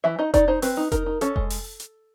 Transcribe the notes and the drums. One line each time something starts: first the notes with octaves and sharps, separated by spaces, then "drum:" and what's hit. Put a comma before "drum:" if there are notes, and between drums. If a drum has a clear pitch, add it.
E3 E5
D#4 D#5
D#4 D5, drum: kick F1, hi-hat
D#4 C5
C4 B4, drum: open hi-hat
D#4
D#4 A#4, drum: kick F1, hi-hat
D#4
C#4 A4, drum: hi-hat
G#3, drum: kick F1
drum: open hi-hat
drum: hi-hat